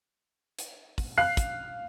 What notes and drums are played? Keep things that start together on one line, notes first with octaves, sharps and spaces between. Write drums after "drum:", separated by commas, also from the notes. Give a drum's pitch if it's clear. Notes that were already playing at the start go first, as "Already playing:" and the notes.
drum: hi-hat
drum: kick, open hi-hat
F5 F#6 C7
drum: kick, hi-hat